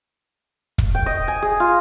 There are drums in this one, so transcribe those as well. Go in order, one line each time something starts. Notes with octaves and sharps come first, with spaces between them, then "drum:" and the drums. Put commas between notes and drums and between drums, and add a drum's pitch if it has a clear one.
drum: kick
G5
D#5
G#5
G#4
F4